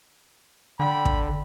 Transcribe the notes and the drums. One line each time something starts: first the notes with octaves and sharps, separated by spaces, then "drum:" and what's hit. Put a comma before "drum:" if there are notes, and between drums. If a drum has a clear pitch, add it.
D3 G5 B5
drum: kick